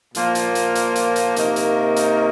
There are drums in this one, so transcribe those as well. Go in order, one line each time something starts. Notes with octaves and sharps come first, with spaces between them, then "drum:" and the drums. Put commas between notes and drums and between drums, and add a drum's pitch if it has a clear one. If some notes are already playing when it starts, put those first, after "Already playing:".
A#2 F3 A#3 F4, drum: hi-hat
drum: hi-hat
drum: hi-hat
drum: hi-hat
drum: hi-hat
drum: hi-hat
C3 D#3 A#3 D#4, drum: hi-hat
drum: hi-hat
drum: hi-hat